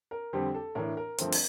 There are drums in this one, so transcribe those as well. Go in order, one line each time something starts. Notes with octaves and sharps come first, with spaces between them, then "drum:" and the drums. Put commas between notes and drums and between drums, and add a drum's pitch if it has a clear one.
A#4
F2 D3 G3 C4 G4
A4
A2 E3 A3 D4 A#4
A#4
G2 F3 A3 C4, drum: hi-hat
drum: open hi-hat